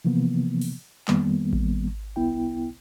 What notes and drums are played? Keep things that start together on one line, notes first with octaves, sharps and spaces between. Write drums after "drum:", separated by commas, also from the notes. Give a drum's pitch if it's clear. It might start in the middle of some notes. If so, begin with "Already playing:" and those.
C3 E3 F3 A#3 B3
drum: open hi-hat
F2 D#3 G3 A#3 B3, drum: clap
drum: kick A1
C2 B3 E4 G5